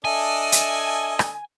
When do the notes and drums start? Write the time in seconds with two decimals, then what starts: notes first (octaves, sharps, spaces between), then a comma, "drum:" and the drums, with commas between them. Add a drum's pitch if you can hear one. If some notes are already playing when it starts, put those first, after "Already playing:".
0.05 D4 A4 D#5 E5 G#5
0.52 drum: hi-hat
1.19 drum: rim click